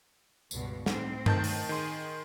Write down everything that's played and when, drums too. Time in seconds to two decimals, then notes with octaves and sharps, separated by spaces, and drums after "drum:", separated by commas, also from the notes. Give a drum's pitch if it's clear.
0.51 C#2 G2 B2, drum: tambourine
0.86 A2 C4, drum: snare
1.26 D#3 A5 G6, drum: tom G2
1.44 drum: open hi-hat
1.69 D#3 G#4 C6